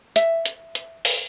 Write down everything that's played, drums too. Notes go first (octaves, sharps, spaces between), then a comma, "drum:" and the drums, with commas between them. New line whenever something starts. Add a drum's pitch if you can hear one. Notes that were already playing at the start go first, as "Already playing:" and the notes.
E5, drum: hi-hat
drum: hi-hat
drum: hi-hat
drum: open hi-hat